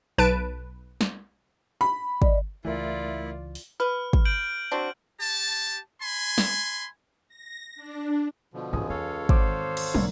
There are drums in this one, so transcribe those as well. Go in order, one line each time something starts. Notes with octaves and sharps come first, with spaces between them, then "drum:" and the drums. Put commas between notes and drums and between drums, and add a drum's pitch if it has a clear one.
B1 B4 A5 D7
drum: snare
B5
D5 D#5, drum: kick
C#2 E3 A3 E4 F4 A#4 D5 E5
drum: open hi-hat
B4 F6
drum: kick
G6 D7 F#7
C4 D4 F#4
G4 A5
G#5 B5 C6
drum: snare
A#6
D4
B2 D3 F3
C#2 G#2 E3 G#5 D#6
E2 A4 C#5 F5
G#1 C5 D6, drum: kick
drum: cymbal
B1 G#2 D3 A#3, drum: tom